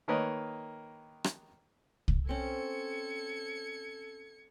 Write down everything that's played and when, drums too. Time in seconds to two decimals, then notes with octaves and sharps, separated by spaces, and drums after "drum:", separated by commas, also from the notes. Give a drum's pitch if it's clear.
0.08 D#3 A#3 A#4 B4 C#5 D#5
1.24 drum: rim click
2.08 drum: kick C2
2.29 C4 C#4 A4 G#6 C#7